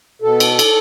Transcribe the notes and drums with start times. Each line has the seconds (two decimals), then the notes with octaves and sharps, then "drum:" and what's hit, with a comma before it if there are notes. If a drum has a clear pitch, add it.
0.22 B2 A4
0.40 drum: cymbal
0.59 drum: cymbal